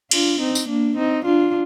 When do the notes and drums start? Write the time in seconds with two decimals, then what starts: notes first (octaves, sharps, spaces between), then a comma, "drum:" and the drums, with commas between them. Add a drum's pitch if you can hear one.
0.11 D4 F4, drum: cymbal
0.40 C4 D#4
0.55 drum: tambourine
0.68 A#3 D4
0.97 C4 D#4
1.25 D4 F4